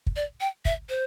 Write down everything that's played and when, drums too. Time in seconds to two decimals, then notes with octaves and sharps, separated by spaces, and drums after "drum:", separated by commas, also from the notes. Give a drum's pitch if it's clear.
0.07 drum: kick
0.16 D5
0.40 G5
0.65 E5, drum: kick
0.89 C5